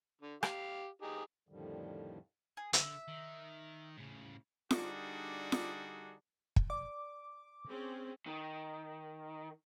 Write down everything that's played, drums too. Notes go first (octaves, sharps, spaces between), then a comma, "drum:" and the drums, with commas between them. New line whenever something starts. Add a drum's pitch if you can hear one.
D3
G4 F5, drum: rim click
D#4 G4 G#4
F2 A2 D3 D#3 F3 G3
G#4
D3 E5, drum: hi-hat
D#3
A2 C#3
D3 G3 D4 D#4 F#4 G#4, drum: snare F4
drum: snare F4
drum: kick
D5 D6
C4 C#4 G#4
D#3